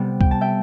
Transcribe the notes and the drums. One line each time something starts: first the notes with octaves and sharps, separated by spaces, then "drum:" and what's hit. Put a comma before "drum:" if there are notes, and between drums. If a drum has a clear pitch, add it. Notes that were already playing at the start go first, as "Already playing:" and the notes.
Already playing: C3 G3 B3
G5, drum: kick C#2
A5
E5 G5